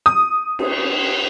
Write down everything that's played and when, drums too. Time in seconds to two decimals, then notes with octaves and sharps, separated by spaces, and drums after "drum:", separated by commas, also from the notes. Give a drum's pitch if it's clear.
0.06 D#6
0.59 drum: cymbal